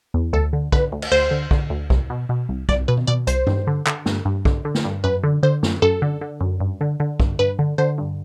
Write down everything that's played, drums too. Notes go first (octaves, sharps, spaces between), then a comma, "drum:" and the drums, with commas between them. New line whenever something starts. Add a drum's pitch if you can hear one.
E2
D2 A4
D3
D3 B4, drum: kick B1
D2
drum: cymbal
D2 C5
D3
D3, drum: kick B1
D2
C2, drum: kick B1
B2
B2
C2
C2 D5, drum: kick B1
B2 B4
drum: tom
B2 D5
C2 C5, drum: hi-hat
G2, drum: tom G2
D3
D3, drum: clap
G2, drum: snare
G2
D3, drum: kick B1
D3
drum: snare
G2
F#2 B4
D3
D3 C5
F#2, drum: snare
F#2 A4
D3
D3
F#2
G2
D3
D3
G2, drum: kick B1
G2 B4
D3
D3 C5
G2